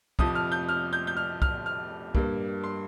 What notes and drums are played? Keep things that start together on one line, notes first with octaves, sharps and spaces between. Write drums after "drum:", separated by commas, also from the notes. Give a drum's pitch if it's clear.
F2 C3 F3 D#6, drum: kick
F6
G6
F6
G6
G6
F6
F6, drum: kick
F6
G2 G3 A#3, drum: kick
C6